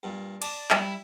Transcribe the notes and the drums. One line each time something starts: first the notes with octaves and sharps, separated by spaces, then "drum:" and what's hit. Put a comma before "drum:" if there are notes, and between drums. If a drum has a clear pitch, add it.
G2 A#2
D5 A5, drum: cymbal
G3 E4, drum: clap